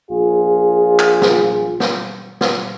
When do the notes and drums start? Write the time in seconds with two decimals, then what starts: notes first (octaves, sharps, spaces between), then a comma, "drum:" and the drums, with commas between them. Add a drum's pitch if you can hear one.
0.11 A#1 F4 G#4
0.99 drum: clap
1.22 drum: snare
1.80 drum: snare
2.41 drum: snare